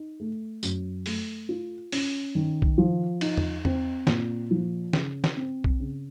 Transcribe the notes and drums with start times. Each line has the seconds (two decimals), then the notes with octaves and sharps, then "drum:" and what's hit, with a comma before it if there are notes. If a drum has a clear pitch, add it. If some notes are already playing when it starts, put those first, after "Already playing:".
Already playing: D#4
0.20 A3
0.63 F#2, drum: tambourine
1.06 A3, drum: open hi-hat
1.49 F4
1.92 C#4, drum: open hi-hat
2.35 D#3
2.62 drum: kick B1
2.78 F3
3.21 D#4, drum: cymbal
3.37 drum: tom E2
3.65 C4, drum: tom E2
4.07 A#2, drum: snare
4.51 F3
4.93 C#3, drum: snare
5.24 drum: snare
5.37 C4
5.64 drum: kick B1
5.80 C#3